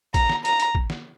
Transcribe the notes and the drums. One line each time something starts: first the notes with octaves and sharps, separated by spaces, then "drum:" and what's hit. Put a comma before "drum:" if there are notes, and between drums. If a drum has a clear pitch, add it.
A#5, drum: kick A1, hi-hat
drum: snare
A#5, drum: hi-hat
drum: hi-hat
drum: kick A1
drum: snare